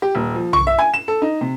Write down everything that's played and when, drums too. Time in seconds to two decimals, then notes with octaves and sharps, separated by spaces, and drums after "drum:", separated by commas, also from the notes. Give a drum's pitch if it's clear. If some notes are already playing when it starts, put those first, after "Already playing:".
0.02 G4
0.15 D#1
0.35 F3
0.53 C#6, drum: tom B1
0.67 E5
0.79 G#5
0.94 E7
1.08 A4
1.22 D#4
1.41 C3